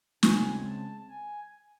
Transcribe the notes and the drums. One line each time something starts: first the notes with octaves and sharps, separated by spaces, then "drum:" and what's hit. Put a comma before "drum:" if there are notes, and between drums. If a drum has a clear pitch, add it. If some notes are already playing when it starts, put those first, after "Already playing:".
C#3 G#3 C4 G#5, drum: snare
A5
G#5